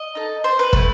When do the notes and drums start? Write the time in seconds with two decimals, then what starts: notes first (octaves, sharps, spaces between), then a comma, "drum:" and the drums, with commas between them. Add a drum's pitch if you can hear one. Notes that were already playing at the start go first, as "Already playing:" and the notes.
Already playing: D#5
0.15 D#4 A4
0.44 C5
0.59 B4
0.73 A3 C4 E4, drum: kick